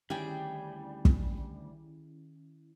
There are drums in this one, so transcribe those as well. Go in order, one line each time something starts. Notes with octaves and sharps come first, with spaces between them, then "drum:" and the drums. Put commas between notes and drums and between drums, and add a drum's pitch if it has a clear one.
D2 D#3 G3 C#4 E4 G4 G#4 G5
drum: kick